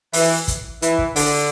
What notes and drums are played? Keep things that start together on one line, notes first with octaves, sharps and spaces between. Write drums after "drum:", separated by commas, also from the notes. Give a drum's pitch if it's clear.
E3, drum: open hi-hat
drum: kick, hi-hat
E3, drum: hi-hat
drum: kick
D3, drum: open hi-hat